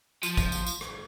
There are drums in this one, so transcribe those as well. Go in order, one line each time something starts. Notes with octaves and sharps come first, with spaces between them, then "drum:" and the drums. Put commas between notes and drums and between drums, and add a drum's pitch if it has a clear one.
F3, drum: tambourine
drum: kick, tambourine
drum: tambourine
drum: tambourine
drum: rim click